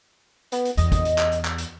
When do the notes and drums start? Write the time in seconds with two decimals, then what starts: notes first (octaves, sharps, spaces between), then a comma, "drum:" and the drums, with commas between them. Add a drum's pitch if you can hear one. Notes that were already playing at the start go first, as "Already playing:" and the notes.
0.52 B3, drum: hi-hat
0.65 drum: hi-hat
0.77 E2 D#5, drum: hi-hat
0.92 drum: kick, hi-hat
1.05 drum: hi-hat
1.18 drum: clap
1.32 drum: hi-hat
1.45 drum: clap
1.58 drum: hi-hat